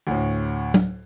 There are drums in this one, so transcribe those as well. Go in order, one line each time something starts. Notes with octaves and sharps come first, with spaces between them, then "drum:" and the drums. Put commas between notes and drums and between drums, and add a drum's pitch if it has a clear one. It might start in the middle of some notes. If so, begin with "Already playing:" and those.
D2 A2
drum: tom F#3